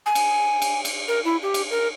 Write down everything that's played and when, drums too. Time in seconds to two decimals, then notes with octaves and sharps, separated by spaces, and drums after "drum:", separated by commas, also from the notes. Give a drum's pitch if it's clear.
0.06 G#5
0.15 drum: cymbal
0.62 drum: cymbal
0.85 drum: cymbal
1.08 A#4
1.25 E4
1.43 G4
1.54 drum: cymbal
1.70 A#4